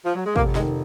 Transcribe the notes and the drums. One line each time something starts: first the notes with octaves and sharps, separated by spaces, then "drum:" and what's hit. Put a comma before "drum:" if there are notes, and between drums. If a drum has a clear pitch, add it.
F3
F#3
G#3
F1 A#3, drum: kick
D#3 G#3, drum: snare